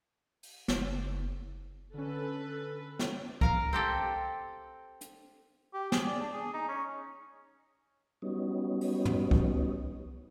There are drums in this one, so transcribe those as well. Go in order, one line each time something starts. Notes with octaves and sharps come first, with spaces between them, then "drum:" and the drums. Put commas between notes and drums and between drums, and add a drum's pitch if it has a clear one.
drum: open hi-hat
F#1, drum: snare
D3 C#4 A4 B4
drum: snare
A#4 F5 A#5, drum: kick C2
C4 G4 A4
drum: hi-hat
G4
G#4, drum: snare
D5
D4
G#4
D#4
C#4
F#3 G3 B3 C#4 D#4
drum: open hi-hat
drum: tom
drum: kick C2